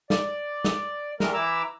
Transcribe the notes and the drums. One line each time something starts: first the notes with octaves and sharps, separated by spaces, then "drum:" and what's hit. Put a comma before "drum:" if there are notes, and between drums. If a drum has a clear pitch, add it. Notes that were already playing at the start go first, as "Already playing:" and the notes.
D5, drum: snare
drum: snare
E3 G3 A3 A#4, drum: snare
E3 E4 A#5 D6 E6